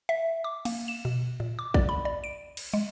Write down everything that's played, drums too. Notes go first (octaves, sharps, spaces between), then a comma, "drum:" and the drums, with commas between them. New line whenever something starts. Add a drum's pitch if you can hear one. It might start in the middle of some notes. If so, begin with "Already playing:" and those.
E5
D6
A#3, drum: cymbal
E7
B2
A#2
D6
D5, drum: kick
B5
D5
D7
drum: cymbal
G#3